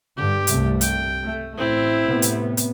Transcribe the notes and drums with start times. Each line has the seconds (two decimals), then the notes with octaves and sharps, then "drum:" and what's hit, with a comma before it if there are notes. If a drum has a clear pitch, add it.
0.17 G2 D3 G4
0.47 C2 A3, drum: hi-hat
0.81 G5, drum: hi-hat
1.23 A3
1.58 A1 C4 E4
2.07 A2 C3 B3
2.22 drum: hi-hat
2.57 drum: hi-hat